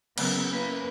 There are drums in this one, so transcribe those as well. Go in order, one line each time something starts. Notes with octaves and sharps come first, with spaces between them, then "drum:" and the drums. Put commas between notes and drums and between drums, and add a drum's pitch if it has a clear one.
C#3 F#3 A#3 B3, drum: cymbal
A#3 C#4 E4 B4